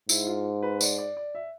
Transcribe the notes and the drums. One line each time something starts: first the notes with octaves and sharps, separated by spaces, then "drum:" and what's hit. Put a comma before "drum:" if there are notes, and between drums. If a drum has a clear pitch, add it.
G#2 E4, drum: tambourine
F4
B4
D5, drum: tambourine
D5
D5
E5